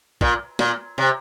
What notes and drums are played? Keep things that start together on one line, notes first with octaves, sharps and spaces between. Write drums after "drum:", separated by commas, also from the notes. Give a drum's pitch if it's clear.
A#2, drum: kick
A#2, drum: snare
C3